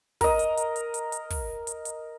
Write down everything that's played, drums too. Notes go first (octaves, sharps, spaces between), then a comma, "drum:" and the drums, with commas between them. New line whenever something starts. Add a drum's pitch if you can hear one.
A#4 D#5, drum: kick, open hi-hat
drum: hi-hat
drum: hi-hat
drum: hi-hat
drum: hi-hat
drum: hi-hat
drum: kick, open hi-hat
drum: hi-hat
drum: hi-hat